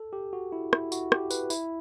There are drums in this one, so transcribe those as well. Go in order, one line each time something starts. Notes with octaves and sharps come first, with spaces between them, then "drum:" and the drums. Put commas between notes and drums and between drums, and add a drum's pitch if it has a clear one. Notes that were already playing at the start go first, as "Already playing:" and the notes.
Already playing: A4
G4
F#4
E4
E4, drum: rim click
F#4, drum: tambourine
G4, drum: rim click
B4, drum: tambourine
E4, drum: tambourine